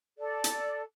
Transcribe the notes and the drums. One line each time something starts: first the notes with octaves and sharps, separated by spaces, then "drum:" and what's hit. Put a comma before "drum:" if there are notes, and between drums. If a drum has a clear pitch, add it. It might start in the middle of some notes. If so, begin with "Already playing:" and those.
A4 D5
drum: hi-hat